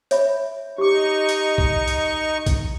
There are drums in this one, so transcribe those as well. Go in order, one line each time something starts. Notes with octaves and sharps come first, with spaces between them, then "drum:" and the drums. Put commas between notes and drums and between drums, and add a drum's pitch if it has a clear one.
C#5 E5 B5, drum: hi-hat
D#4 G4 C#6 D6
drum: hi-hat
drum: kick B1
drum: hi-hat
drum: kick B1, hi-hat